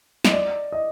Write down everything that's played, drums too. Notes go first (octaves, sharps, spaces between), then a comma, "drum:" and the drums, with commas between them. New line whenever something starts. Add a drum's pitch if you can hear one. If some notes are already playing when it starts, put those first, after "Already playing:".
D#5, drum: snare
D5
D#5